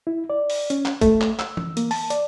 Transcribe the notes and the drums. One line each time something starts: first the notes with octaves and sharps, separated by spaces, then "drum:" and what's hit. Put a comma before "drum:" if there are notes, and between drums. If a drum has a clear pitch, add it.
E4
D5
drum: open hi-hat
C#4, drum: hi-hat
drum: clap
A3, drum: kick, hi-hat
drum: clap
E6, drum: clap
drum: tom E3
A#3, drum: hi-hat
A5, drum: open hi-hat
D5, drum: hi-hat